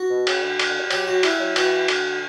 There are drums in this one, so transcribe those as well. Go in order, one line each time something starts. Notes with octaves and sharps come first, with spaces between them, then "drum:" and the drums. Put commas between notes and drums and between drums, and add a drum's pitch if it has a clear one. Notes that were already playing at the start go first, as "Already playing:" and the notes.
Already playing: F#4
B2
C#3, drum: cymbal
D3
D3, drum: cymbal
D3
G3
F#3 G4, drum: cymbal
F#4
G3 E4, drum: cymbal
F#3
E3 F#4, drum: cymbal
D3, drum: cymbal